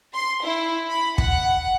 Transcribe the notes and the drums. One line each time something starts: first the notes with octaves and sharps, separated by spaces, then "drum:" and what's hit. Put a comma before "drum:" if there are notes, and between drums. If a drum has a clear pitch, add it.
C6
E4
B5
F#5, drum: kick